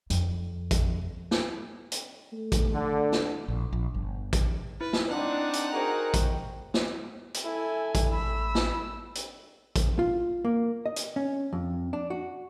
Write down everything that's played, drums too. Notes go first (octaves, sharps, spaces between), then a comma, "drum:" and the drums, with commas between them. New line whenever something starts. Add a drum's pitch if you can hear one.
F2, drum: hi-hat
drum: kick A1, hi-hat
drum: snare
drum: hi-hat
A3
drum: kick A1, hi-hat
D3
drum: snare
A#1
A#1
G1
drum: kick A1, hi-hat
E4 B4
drum: snare
C4 D4 D#4 F#5
drum: hi-hat
F#4 G#4 A#4 C5 G5 A#5
drum: kick A1, hi-hat
drum: snare
drum: hi-hat
E4 A4 G#5
drum: kick A1, hi-hat
A1 A3 B5 E6
drum: snare
drum: hi-hat
drum: kick A1, hi-hat
F4
A#3
D#5
drum: hi-hat
C#4
F2
D4
F#4